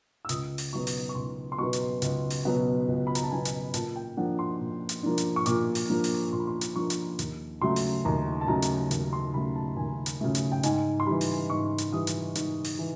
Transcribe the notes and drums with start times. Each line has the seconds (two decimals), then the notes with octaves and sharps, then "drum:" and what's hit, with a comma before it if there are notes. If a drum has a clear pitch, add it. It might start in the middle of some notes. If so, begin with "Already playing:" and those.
0.25 E6
0.29 C#2 D#6, drum: hi-hat
0.58 drum: open hi-hat
0.73 B2 F#3 B3 C#6
0.87 drum: open hi-hat
1.09 C#6
1.15 C#2 C6
1.52 C6
1.58 B2 F#3 B3 C#6
1.73 drum: hi-hat
2.02 C#2, drum: hi-hat
2.30 drum: open hi-hat
2.45 B2 F#3 B3
2.88 C#2
3.07 B5
3.15 A#5, drum: hi-hat
3.23 A5
3.31 B2 F#3 B3 G#5
3.45 drum: hi-hat
3.74 A#2 A5, drum: hi-hat
3.96 G5
4.17 F3 A#3 D4 F#5
4.39 C6
4.60 A#2
4.89 drum: hi-hat
5.03 F3 A#3 D4
5.18 drum: hi-hat
5.36 C#6
5.46 A#2 D6, drum: hi-hat
5.75 drum: open hi-hat
5.89 F3 A#3 D4
6.04 drum: open hi-hat
6.32 A#2 C6
6.40 B5
6.47 C6
6.61 drum: hi-hat
6.76 F3 A#3 D4 C#6
6.90 drum: hi-hat
7.19 D#2, drum: hi-hat
7.62 C#3 F#3 A3 C6
7.76 drum: open hi-hat
8.05 D#2 A#5
8.41 A5
8.48 C#3 F#3 A3 A#5
8.62 drum: hi-hat
8.91 D#2, drum: hi-hat
9.13 C6
9.34 C#3 F#3 A3 B5
9.56 A5
9.77 D#2 G#5
10.06 drum: hi-hat
10.21 C#3 F#3 A3
10.35 drum: hi-hat
10.52 G5
10.63 G#2 G#5, drum: hi-hat
11.00 C6
11.06 E3 G3 B5
11.21 drum: open hi-hat
11.50 G#2 C#6
11.78 drum: hi-hat
11.92 E3 G3 D#6
12.07 drum: hi-hat
12.35 G#2, drum: hi-hat
12.64 drum: open hi-hat
12.79 E3